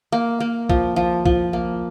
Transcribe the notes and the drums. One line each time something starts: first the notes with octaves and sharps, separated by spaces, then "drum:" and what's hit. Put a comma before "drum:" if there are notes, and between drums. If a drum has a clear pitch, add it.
A#3
A#3
F3, drum: kick
F3
F3, drum: kick
A#3